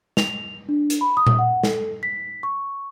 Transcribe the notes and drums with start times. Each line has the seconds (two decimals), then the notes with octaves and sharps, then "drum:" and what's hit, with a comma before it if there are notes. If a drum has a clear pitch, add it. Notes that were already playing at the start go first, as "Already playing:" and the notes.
0.17 F7, drum: snare
0.69 D4
0.90 drum: hi-hat
1.01 B5
1.17 D#6
1.27 drum: tom A#2
1.39 F#5
1.63 A4, drum: snare
2.03 B6
2.43 C#6